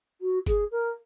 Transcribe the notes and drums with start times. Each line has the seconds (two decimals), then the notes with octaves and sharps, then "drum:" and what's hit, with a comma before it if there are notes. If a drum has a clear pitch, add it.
0.21 F#4
0.46 G#4, drum: kick, hi-hat
0.71 A#4